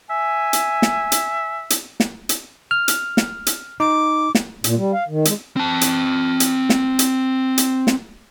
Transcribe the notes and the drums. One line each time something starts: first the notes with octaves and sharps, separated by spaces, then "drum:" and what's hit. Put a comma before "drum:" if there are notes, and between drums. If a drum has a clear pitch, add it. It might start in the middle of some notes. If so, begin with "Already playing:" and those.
E5 G#5
drum: hi-hat
drum: snare
drum: hi-hat
drum: hi-hat
drum: snare
drum: hi-hat
F6
drum: hi-hat
drum: snare
drum: hi-hat
D#4 D6
drum: snare
A#2, drum: hi-hat
G3
F5
D#3
G#3, drum: hi-hat
C4 A5
drum: hi-hat
drum: hi-hat
drum: snare
drum: hi-hat
drum: hi-hat
drum: snare